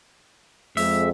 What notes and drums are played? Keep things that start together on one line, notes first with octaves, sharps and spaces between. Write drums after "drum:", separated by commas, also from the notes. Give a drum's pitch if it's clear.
F2 G#3 E5, drum: open hi-hat